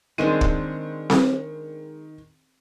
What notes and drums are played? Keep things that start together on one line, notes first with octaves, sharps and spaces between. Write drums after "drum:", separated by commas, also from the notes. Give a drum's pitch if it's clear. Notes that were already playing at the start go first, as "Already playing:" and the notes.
D#3 G#3 C4 D4 D#7
drum: kick
drum: snare C4